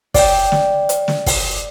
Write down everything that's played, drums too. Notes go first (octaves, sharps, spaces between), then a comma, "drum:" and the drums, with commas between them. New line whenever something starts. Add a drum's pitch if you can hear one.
D5 G5, drum: kick, open hi-hat
drum: snare
drum: hi-hat
drum: snare
drum: kick, open hi-hat